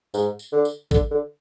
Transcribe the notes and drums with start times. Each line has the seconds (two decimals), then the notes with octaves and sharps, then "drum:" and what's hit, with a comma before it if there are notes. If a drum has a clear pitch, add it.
0.14 G#2, drum: tambourine
0.39 drum: tambourine
0.52 D3
0.65 drum: tambourine
0.91 D3, drum: kick A1, tambourine
1.11 D3